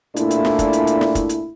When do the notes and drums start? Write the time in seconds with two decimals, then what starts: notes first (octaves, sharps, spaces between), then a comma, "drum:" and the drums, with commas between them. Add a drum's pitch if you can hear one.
0.16 A#2 A3 D4 E4, drum: hi-hat
0.31 drum: hi-hat
0.45 drum: snare
0.59 drum: kick, hi-hat
0.73 drum: hi-hat
0.87 drum: hi-hat
1.01 drum: snare
1.15 drum: kick, hi-hat
1.29 drum: hi-hat